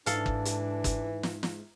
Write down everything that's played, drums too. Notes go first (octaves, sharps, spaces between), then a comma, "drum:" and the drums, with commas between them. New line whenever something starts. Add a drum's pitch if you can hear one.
G#2 E3 D4 A4 F5, drum: hi-hat
drum: kick
drum: hi-hat
drum: kick, hi-hat
drum: snare
drum: snare